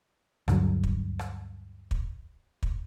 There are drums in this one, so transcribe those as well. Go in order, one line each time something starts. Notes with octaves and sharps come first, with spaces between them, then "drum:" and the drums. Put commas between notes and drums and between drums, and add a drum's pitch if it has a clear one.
D2 G2 D3 F#3, drum: rim click
drum: kick
drum: rim click
drum: kick
drum: kick